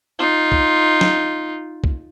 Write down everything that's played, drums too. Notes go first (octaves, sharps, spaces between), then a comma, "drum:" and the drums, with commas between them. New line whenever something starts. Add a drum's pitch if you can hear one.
D#4 F4
drum: kick
drum: snare
drum: kick